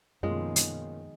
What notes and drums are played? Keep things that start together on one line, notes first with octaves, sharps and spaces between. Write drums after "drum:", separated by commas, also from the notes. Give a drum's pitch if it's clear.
F#2 B2 D#3 F3 G#3 A#3 C#4 F4
drum: hi-hat